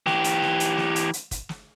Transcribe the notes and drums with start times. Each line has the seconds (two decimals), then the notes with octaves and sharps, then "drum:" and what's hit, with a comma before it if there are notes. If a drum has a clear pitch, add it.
0.06 E3 G4, drum: snare
0.24 drum: hi-hat
0.42 drum: snare
0.60 drum: hi-hat
0.78 drum: snare
0.96 drum: hi-hat
1.13 drum: hi-hat
1.31 drum: kick, hi-hat
1.49 drum: snare